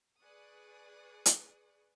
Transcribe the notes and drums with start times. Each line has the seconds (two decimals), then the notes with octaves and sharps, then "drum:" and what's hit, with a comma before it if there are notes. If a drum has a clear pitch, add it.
0.23 G#4 B4 D5 C#6 D#6 F#6
1.26 drum: hi-hat